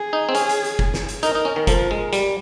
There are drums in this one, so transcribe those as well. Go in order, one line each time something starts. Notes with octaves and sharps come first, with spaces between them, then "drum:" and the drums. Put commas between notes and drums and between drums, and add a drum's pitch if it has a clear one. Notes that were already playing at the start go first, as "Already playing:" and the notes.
Already playing: G#4
D#4
C4
C#4, drum: hi-hat
drum: hi-hat
drum: hi-hat
drum: kick F#1
drum: snare
drum: hi-hat
D#4 A#4, drum: hi-hat
D#4
C#4
D#3
F3 A#4, drum: kick F#1, hi-hat
G#3
G3, drum: hi-hat